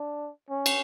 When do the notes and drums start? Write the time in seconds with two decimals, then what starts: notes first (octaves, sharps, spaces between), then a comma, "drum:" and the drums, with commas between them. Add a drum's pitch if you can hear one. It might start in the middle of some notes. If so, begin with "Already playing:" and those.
Already playing: D4
0.50 C#4
0.66 drum: cymbal